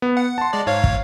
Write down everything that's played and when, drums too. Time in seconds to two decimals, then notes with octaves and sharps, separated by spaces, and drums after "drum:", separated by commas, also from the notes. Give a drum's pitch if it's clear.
0.02 B3
0.17 F#5
0.38 A5 C6
0.53 G#3 D5
0.67 G#2 C#5 F5
0.84 drum: kick